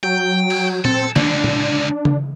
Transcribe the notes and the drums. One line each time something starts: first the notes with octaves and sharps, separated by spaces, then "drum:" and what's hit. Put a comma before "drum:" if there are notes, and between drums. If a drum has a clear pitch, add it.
F#3 G5
drum: cymbal
C4 A4, drum: tom A#2
C#2 D3 D4, drum: snare
drum: tom A#2
drum: tom C#3